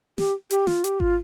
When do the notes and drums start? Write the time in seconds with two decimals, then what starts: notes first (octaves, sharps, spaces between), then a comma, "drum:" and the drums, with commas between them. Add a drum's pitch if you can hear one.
0.18 G4, drum: snare
0.51 G4, drum: hi-hat
0.67 F4, drum: snare
0.84 G4, drum: hi-hat
1.00 F4, drum: kick G#1